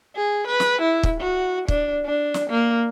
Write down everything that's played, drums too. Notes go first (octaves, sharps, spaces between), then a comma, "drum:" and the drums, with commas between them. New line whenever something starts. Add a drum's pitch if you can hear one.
G#4
B4
drum: snare
E4
drum: kick
F#4
D4, drum: kick
D4
drum: snare
A#3